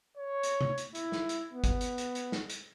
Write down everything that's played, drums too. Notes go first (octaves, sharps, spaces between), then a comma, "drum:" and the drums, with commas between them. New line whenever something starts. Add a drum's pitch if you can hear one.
C#5
drum: hi-hat
drum: tom
drum: hi-hat
E4, drum: hi-hat
drum: snare
drum: hi-hat
B3
drum: kick G1, hi-hat
drum: hi-hat
drum: hi-hat
drum: hi-hat
drum: snare
drum: hi-hat